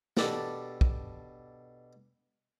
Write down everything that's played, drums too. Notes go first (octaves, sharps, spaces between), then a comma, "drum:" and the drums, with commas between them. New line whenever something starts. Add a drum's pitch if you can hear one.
B2 D4 G4 A4 A#4, drum: snare
drum: kick